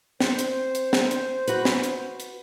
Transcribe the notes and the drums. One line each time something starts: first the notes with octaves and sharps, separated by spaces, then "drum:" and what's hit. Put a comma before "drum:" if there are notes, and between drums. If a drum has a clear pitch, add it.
C4 C5, drum: snare
drum: hi-hat
drum: hi-hat
drum: snare
drum: hi-hat
F#4 B4, drum: hi-hat
drum: snare
drum: hi-hat
drum: hi-hat